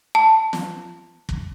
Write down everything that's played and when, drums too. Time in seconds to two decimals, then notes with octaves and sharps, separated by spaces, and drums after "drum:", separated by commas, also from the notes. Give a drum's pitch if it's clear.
0.15 A5
0.53 drum: snare
1.29 drum: kick